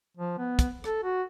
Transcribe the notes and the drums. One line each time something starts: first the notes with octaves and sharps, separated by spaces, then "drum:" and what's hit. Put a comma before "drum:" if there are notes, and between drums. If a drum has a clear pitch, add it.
F3
B3
drum: kick, hi-hat
A4, drum: rim click
F#4